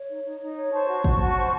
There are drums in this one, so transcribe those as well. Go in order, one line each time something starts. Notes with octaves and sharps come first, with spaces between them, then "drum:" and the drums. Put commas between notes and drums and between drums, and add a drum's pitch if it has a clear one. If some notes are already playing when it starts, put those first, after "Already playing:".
Already playing: C#5
D#4
D#4
D#4
C#5
C5 A5 C#6
F#4
F#4, drum: kick
F#4
C5